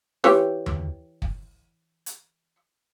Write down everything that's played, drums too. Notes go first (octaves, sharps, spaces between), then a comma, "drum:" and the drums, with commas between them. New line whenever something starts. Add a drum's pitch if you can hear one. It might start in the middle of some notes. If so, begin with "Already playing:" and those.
E3 G4 C#5, drum: snare D#4
drum: tom E2
drum: kick
drum: hi-hat